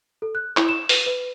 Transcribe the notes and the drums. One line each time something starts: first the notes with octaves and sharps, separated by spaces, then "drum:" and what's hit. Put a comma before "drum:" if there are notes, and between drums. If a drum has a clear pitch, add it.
A4
F#6
E4, drum: clap
E7
B4, drum: open hi-hat
B4